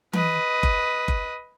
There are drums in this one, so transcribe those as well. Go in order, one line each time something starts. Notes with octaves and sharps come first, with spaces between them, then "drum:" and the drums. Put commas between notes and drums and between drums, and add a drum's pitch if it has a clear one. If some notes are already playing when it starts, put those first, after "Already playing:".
B4 D#5, drum: tom E3
drum: kick F#1
drum: kick F#1